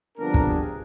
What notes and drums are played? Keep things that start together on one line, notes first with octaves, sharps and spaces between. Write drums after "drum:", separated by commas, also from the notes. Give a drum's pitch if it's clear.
F2 D3 G3 B3 D4 A#4
drum: kick
G#4